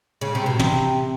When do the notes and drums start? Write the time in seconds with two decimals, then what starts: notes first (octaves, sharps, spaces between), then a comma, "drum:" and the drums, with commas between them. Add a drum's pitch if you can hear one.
0.21 C#3
0.35 C3
0.46 B2
0.59 C3, drum: tom